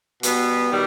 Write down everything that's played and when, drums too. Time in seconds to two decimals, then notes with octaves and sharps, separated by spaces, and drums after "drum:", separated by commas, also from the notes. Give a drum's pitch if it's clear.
0.23 B2 G3 B3, drum: hi-hat
0.71 D#3 G3